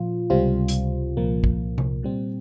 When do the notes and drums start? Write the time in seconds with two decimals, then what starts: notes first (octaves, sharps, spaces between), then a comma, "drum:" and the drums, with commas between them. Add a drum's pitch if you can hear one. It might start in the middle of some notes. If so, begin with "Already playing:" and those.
Already playing: A#2 F3 F4
0.30 C#2 C3 G3 C4 F4
0.68 drum: hi-hat
1.17 C2 A#2 F3 A#3
1.44 drum: kick
1.78 drum: tom C3
2.03 A#2 G3 C4